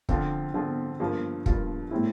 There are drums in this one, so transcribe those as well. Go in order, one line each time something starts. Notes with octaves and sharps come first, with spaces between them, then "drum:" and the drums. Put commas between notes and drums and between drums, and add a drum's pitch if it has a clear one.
D3 F3 C4 F4, drum: kick
D3 F3 C4 F4
G2 F3 A#3 F4
G2 F3 A#3 F4, drum: kick
A2 G3 C4 E4